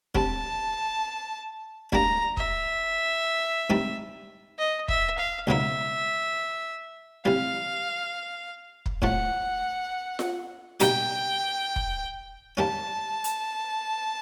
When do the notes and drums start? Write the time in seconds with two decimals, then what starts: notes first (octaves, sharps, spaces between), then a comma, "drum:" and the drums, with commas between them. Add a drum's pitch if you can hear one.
0.15 D3 G3 C4 A5, drum: kick
1.92 D2 D3 G3 A#3 D4 A#5, drum: kick
2.37 E5, drum: kick
3.70 G2 D#3 G3 C4 D#4
4.59 D#5
4.88 E5, drum: kick
5.18 F5
5.47 C#2 B2 F#3 A#3 D#4 E5
7.25 C3 E3 G3 F5
8.86 drum: kick
9.02 A2 F3 A3 F#5, drum: kick
10.19 drum: snare F4
10.80 B2 G3 A#3 D#4 G4 G5, drum: hi-hat
11.76 drum: kick
12.57 D#3 G3 A#3 C#4 A5
13.24 drum: hi-hat